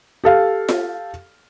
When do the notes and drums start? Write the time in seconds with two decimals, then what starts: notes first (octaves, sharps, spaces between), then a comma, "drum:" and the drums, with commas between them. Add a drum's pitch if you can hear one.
0.24 G4 A4 F5
0.69 drum: snare F4